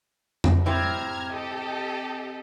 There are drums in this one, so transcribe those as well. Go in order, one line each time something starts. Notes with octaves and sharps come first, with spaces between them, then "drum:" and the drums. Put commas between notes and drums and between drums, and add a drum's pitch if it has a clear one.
drum: tom F2
C3 C4 E4 A#5 F6 G#6
G4 A4 D#5